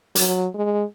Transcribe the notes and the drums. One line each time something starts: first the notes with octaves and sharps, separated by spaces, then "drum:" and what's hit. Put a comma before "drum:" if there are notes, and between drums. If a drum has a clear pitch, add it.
F#3, drum: hi-hat
G#3